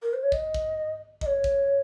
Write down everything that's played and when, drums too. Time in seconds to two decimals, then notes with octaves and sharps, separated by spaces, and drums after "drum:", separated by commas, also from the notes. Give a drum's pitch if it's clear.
0.02 A#4
0.13 C5
0.23 C#5
0.32 D#5, drum: kick
0.54 drum: kick
1.21 D#5, drum: kick
1.26 C#5
1.44 drum: kick